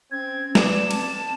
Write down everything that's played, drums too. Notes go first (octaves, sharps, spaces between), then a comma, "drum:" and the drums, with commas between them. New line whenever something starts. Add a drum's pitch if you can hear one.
C4 C#4 G#6
B4 D5 E7, drum: snare
C4 A5, drum: cymbal